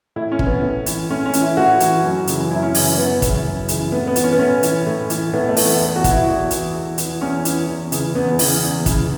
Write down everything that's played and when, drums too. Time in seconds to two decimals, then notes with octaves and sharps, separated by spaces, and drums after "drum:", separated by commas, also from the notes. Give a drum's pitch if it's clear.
0.16 A2 E4
0.32 C#4
0.39 E3, drum: kick
0.47 B3
0.62 A2
0.86 E3, drum: hi-hat
1.10 A2 C#4
1.26 C#4
1.33 E3, drum: hi-hat
1.41 E4
1.57 A2 F#4
1.80 E3, drum: hi-hat
2.04 F#2
2.27 C#3 E3, drum: hi-hat
2.51 F#2 E4
2.63 C#4
2.75 C#3 E3, drum: open hi-hat
2.98 F#2 B3
3.22 C#3 E3, drum: kick, hi-hat
3.45 F#2
3.68 C#3 E3, drum: hi-hat
3.92 A2 B3
4.07 B3
4.16 E3, drum: hi-hat
4.24 C#4
4.33 B3
4.39 A2 C#4
4.63 E3, drum: hi-hat
4.86 A2
5.10 E3, drum: hi-hat
5.33 A2 B3
5.49 A3
5.57 E3, drum: open hi-hat
5.65 B3
5.80 E2
5.96 F#4
6.04 E3, drum: kick, hi-hat
6.11 E4
6.27 E2
6.51 E3, drum: hi-hat
6.75 E2
6.98 E3, drum: hi-hat
7.21 E2 C#4
7.45 E3, drum: hi-hat
7.68 E2
7.92 C#3 E3, drum: hi-hat
8.15 E2 B3
8.39 C#3 E3, drum: open hi-hat
8.63 E2
8.86 C#3 E3, drum: kick, hi-hat